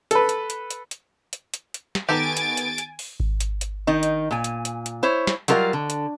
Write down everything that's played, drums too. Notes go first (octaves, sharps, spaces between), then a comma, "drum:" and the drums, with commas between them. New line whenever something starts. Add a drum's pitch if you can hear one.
A4 B4, drum: hi-hat
drum: hi-hat
drum: hi-hat
drum: hi-hat
drum: hi-hat
drum: hi-hat
drum: hi-hat
drum: hi-hat
drum: snare
D#3 B3 G4 A4 G#5 A#5 A6 D7
drum: hi-hat
drum: hi-hat
drum: hi-hat
drum: open hi-hat
drum: kick G#1
drum: hi-hat
drum: hi-hat
D#3 D#4
drum: hi-hat
A#2 G#5
drum: hi-hat
drum: hi-hat
drum: hi-hat
E4 C5 C#5
drum: snare
F#3 G3 F4 A#4 D5 F5, drum: hi-hat
D3
drum: hi-hat